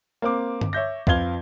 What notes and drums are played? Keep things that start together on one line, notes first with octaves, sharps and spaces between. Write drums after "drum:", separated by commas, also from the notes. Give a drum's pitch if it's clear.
A#3 C4 D6
drum: tom G2
C#5 E5 G6 A#6
F2 F4 B4 F5 G#6 G7, drum: kick C#2